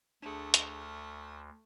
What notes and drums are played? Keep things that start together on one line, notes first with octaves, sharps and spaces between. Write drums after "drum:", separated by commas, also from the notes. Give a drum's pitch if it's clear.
D2 A3 D4 G#4
drum: hi-hat
F6